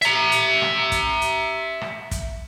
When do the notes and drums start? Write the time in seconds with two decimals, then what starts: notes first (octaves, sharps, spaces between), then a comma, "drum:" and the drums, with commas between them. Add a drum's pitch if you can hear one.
0.02 E5 A#5, drum: hi-hat
0.32 drum: hi-hat
0.62 drum: rim click
0.92 drum: kick, hi-hat
1.22 drum: hi-hat
1.81 drum: rim click
2.11 drum: kick, hi-hat